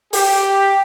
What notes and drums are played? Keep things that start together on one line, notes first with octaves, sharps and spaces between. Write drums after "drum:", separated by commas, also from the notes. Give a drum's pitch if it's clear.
G4, drum: open hi-hat